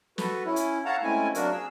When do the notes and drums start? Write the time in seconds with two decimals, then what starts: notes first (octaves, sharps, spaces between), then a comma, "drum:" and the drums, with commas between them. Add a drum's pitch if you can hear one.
0.18 F#4 A4 B4, drum: snare
0.45 C#4 E4
0.56 drum: hi-hat
0.85 A4 C#5 F5 F#5 A5 A#5
1.03 G#3 A3 C4 C#4 E4 G#5
1.35 C3 F#3 A#3 D4 F#4 A#4, drum: hi-hat
1.52 G#4 E6